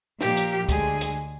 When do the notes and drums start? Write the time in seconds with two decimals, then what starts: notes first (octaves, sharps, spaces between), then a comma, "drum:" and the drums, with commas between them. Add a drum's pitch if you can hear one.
0.21 A#2 F3 A#3 G4, drum: snare
0.37 drum: hi-hat
0.69 D2 D3 G#3 G#4, drum: kick, hi-hat
1.01 drum: hi-hat